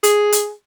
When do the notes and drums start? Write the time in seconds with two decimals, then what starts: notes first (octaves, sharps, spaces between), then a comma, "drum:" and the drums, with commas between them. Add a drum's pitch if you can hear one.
0.03 G#4, drum: hi-hat
0.32 drum: hi-hat